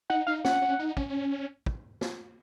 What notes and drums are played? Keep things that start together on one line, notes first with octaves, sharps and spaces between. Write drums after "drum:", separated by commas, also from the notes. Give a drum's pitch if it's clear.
D#4 F#5
D#4 F5
C#4 F#5, drum: snare
C#4
D#4
C#4, drum: kick
drum: kick
drum: snare